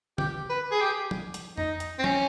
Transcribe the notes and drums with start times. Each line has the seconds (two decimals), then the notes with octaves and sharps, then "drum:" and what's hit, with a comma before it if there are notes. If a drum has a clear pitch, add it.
0.18 G4, drum: tom
0.50 B4
0.72 G#4
0.80 G4
1.11 drum: tom
1.34 drum: hi-hat
1.58 D#4, drum: tom F2
1.80 drum: hi-hat
1.99 C4
2.04 C#4, drum: tom